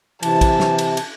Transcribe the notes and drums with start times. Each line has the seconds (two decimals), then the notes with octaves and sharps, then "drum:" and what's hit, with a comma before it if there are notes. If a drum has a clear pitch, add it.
0.23 C3 E3 A5, drum: cymbal
0.41 drum: kick, cymbal
0.60 drum: snare
0.78 drum: cymbal
0.97 drum: cymbal